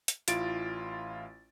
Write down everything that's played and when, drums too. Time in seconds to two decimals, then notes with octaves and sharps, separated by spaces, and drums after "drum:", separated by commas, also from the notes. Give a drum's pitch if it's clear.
0.08 drum: hi-hat
0.28 A1 E4 F4 A6 D7, drum: hi-hat